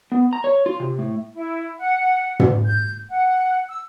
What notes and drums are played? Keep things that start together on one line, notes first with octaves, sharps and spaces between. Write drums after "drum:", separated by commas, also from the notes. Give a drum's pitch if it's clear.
B3
A#5
C#5
F4
C3
A2
E4
F#5
drum: tom
G6
F#5
E6